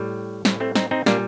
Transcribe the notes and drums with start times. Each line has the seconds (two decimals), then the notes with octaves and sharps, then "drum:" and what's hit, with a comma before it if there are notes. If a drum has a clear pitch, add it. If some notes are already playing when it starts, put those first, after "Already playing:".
Already playing: A2 G3
0.45 A2 G3 A3 C4, drum: snare
0.60 A3 C4
0.75 C4 D#4, drum: snare
0.91 C4 D#4
1.06 A#2 G3 A#3 D4, drum: snare